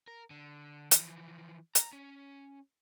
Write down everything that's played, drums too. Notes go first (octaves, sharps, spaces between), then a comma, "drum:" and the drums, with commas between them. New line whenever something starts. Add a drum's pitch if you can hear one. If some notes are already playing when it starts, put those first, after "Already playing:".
A#4
D3
E3 F3, drum: hi-hat
A#5, drum: hi-hat
C#4